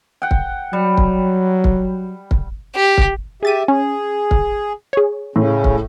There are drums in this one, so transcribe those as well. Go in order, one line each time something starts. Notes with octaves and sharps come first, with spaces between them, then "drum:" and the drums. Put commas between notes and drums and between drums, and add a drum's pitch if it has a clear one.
F#5 G5
drum: kick
F#3 G3
drum: kick
drum: kick
drum: kick
G4
drum: kick
G4 G#4 E5 A6 D#7
C#4 G#4
drum: kick
G#4 C#5
A2 C#3 C#4
drum: kick